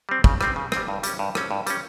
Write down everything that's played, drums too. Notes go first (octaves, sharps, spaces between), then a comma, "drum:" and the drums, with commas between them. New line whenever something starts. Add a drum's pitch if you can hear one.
G3 C4
C#3, drum: kick
G3 C4, drum: rim click
C#3
G3 C4, drum: rim click
G2
G3 C#4, drum: hi-hat
G2
G3 C#4, drum: rim click
G2
G3 C#4, drum: hi-hat